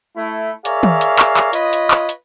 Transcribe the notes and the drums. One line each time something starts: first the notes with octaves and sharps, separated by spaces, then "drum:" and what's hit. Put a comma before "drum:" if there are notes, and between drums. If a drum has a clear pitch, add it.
A3 E4
G#4 A#4 C#5 D5 E5 F5, drum: hi-hat
drum: tom
drum: hi-hat
drum: clap
drum: clap
F4 B4 C#5 D#5, drum: hi-hat
drum: hi-hat
drum: clap
drum: hi-hat